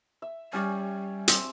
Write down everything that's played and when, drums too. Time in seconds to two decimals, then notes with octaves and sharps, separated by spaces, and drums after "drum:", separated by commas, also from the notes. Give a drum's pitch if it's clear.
0.22 E5
0.53 G3 C#4 G4 G#5
1.28 C4, drum: hi-hat